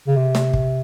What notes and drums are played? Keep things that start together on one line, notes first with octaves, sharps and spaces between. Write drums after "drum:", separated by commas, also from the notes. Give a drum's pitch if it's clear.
C#3
C3
drum: snare
drum: kick